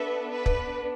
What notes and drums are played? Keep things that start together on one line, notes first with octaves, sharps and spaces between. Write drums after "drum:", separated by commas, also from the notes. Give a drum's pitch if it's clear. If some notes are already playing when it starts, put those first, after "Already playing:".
Already playing: B3 D4 A4 B4 E5
B4
drum: kick